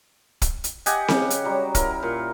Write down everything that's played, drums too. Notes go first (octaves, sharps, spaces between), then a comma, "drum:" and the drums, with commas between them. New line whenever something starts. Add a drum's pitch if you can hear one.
drum: kick, hi-hat
drum: hi-hat
G4 D#5 F#5 G#5, drum: hi-hat
C#3, drum: snare C4
drum: hi-hat
F#3 G3
E4 A#4, drum: kick, hi-hat
A#2